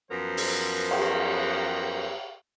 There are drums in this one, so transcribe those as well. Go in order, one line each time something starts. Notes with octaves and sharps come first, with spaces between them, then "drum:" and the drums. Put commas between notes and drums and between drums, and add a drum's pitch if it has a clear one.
F#2 F3 B3 A#4 C5
drum: open hi-hat
drum: cymbal